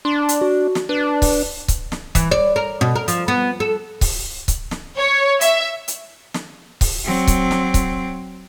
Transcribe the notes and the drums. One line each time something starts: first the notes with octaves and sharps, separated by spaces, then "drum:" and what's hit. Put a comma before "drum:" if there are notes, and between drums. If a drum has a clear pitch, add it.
D4 C6
drum: hi-hat
F#4
drum: snare
D4 B4
drum: kick C#1, open hi-hat
drum: kick C#1, hi-hat
drum: snare
E3, drum: kick C#1, hi-hat
D5
A#4
B2
A#4
F3, drum: hi-hat
B3
A4
drum: kick C#1, open hi-hat
drum: kick C#1, hi-hat
drum: snare
C#5
E5, drum: hi-hat
drum: hi-hat
drum: snare
drum: kick C#1, open hi-hat
F#3 C4
drum: kick C#1, hi-hat
drum: snare
drum: kick C#1, hi-hat